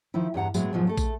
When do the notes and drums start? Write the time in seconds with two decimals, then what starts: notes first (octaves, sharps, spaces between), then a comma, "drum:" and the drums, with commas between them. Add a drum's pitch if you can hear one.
0.14 D#3 F3 D#4 E4
0.34 E2 G2 F#5 A#5
0.54 A2 F#3 G#3 B3 G#4, drum: tambourine
0.73 G#2 B2 D#3 F3 F#3 G#3
0.87 A3 A4
0.97 drum: kick, tambourine